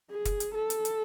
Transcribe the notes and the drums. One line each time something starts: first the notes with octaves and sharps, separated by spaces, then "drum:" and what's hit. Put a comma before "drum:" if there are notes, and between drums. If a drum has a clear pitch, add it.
G#4
drum: kick, hi-hat
drum: hi-hat
A4
drum: hi-hat
drum: hi-hat